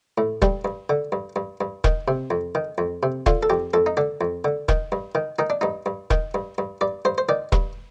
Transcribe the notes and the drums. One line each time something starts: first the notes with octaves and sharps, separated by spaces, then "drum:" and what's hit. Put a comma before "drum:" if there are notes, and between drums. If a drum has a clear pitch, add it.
A2
G2 G3, drum: kick E1
G2
D3
G2
G2
G2
D#3, drum: kick E1
C3
F2
D#3
F2
C3
D3 F4, drum: kick E1
A4
F2 G4
F2 A4
D#4
D3 D4
F2
D3
D#3, drum: kick E1
G2
D#3
D#3 D#4
D4
G2 D#4
G2
D#3, drum: kick E1
G2
G2
G2 D5
G2 C5
C5
D#3 D5
G2, drum: kick E1